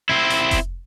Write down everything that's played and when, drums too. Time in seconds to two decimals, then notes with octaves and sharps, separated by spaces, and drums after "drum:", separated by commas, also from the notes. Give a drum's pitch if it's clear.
0.09 C4 E4
0.30 drum: hi-hat
0.51 drum: kick F1, hi-hat